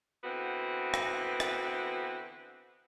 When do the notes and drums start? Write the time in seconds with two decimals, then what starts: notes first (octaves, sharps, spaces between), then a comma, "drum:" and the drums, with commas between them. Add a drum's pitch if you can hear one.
0.24 D3 E3 B3 C4 F#4
0.94 drum: rim click
1.40 drum: rim click